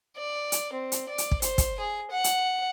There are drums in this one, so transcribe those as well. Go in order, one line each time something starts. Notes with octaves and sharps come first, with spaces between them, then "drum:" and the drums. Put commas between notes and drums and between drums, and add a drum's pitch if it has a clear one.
D5
drum: hi-hat
C4
drum: hi-hat
D5
drum: hi-hat
drum: kick
C5, drum: hi-hat
drum: kick, hi-hat
G#4
F#5
drum: hi-hat